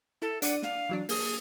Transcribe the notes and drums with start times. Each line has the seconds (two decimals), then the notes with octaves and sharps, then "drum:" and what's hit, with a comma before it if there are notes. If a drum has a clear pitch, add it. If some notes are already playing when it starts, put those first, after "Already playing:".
0.22 E4 A4
0.42 D4 D5 F#5 D#7, drum: hi-hat
0.62 F5, drum: snare
0.89 E3 F#3 D4
1.09 A#3 G#4, drum: open hi-hat